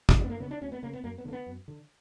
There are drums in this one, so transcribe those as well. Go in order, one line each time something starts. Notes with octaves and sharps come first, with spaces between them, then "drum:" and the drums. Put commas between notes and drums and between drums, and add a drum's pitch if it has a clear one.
drum: kick
D2 G3
B3
A#3
C#3 B3
D4
D2 C#4
B3
C#3 A#3
B3
F#2 A#3
B3
D3 A#3
B3
F#2
D3